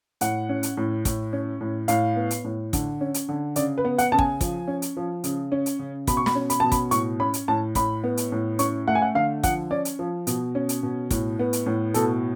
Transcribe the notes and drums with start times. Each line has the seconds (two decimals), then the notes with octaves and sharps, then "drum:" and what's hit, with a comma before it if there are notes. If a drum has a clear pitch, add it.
0.21 A2 F#5, drum: hi-hat
0.49 C#4
0.63 drum: hi-hat
0.77 A2
1.05 A2, drum: kick, hi-hat
1.33 C#4
1.61 A2
1.88 A2 F5, drum: hi-hat
2.16 B3
2.31 drum: hi-hat
2.44 A2
2.73 D3, drum: kick, hi-hat
3.01 C#4
3.14 drum: hi-hat
3.29 D3
3.56 C#3 D5, drum: hi-hat
3.78 B4
3.85 B3
3.98 F#5, drum: hi-hat
4.12 C#3 A5
4.19 G#5, drum: kick
4.41 F3, drum: kick, hi-hat
4.67 C#4
4.82 drum: hi-hat
4.97 F3
5.24 C#3, drum: hi-hat
5.52 C#4
5.66 drum: hi-hat
5.79 C#3
6.07 B2 B5, drum: kick, hi-hat
6.17 C#6
6.26 B5, drum: snare
6.35 C#4
6.50 B5, drum: hi-hat
6.60 B2 A5
6.72 B5, drum: kick, hi-hat
6.91 A2 C#6, drum: hi-hat
7.20 C#4 B5
7.34 drum: hi-hat
7.48 A2 A5
7.75 A2 B5, drum: kick, hi-hat
8.04 B3
8.17 drum: hi-hat
8.32 A2
8.59 C#4 C#6, drum: hi-hat
8.88 A3 F#5
8.95 G#5
9.02 F#5
9.15 D3 F5
9.43 F3 F#5, drum: kick, hi-hat
9.71 C#4 D5
9.85 drum: hi-hat
9.99 F3
10.27 B2, drum: hi-hat
10.55 C#4
10.69 drum: hi-hat
10.83 B2
11.11 A2, drum: kick, hi-hat
11.39 B3
11.53 drum: hi-hat
11.66 A2
11.94 B2 A4, drum: hi-hat